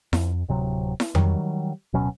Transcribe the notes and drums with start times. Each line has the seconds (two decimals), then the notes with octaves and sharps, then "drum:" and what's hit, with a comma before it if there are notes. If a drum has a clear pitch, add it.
0.13 F2, drum: snare E4
0.49 D1 C3 F#3
1.00 drum: snare E4
1.15 D#3 F#3 G3, drum: tom F2
1.93 D1 B2 F#3 C#4